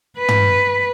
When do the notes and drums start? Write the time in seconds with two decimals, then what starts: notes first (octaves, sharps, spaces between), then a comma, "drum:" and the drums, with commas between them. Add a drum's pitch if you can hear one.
0.18 B4
0.28 drum: tom